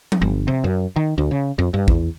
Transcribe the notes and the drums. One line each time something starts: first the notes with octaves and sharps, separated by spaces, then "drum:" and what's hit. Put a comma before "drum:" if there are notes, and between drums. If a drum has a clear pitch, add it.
drum: tom F3
G1
C3
F#2
D#3
D2
C#3
F2
G2
E2, drum: kick